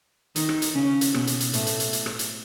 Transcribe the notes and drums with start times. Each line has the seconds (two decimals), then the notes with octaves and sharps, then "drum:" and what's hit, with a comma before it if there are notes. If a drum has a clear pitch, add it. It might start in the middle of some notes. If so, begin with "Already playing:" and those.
0.36 D#3 D#4, drum: hi-hat
0.49 drum: rim click
0.62 drum: hi-hat
0.75 C#3 C#4
1.01 drum: hi-hat
1.14 B2 B3, drum: rim click
1.27 drum: hi-hat
1.40 drum: hi-hat
1.53 A2 A3, drum: hi-hat
1.67 drum: hi-hat
1.80 drum: hi-hat
1.93 drum: hi-hat
2.06 drum: rim click
2.19 drum: hi-hat